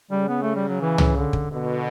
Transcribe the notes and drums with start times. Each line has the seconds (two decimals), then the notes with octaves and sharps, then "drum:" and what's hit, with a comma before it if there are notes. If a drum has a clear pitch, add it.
0.11 C#3 G3
0.28 B3
0.43 A3
0.56 G3
0.68 F#3
0.81 E3
0.98 drum: tom
1.16 D3
1.33 drum: kick
1.50 B2 D3